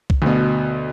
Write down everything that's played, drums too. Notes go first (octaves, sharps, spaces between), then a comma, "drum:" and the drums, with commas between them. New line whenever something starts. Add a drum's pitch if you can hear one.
drum: kick B1
D2 B2